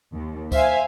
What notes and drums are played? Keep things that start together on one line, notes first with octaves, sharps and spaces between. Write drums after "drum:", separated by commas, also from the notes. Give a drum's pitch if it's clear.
D#2
C5 E5 F5 G#5, drum: kick C#2, tambourine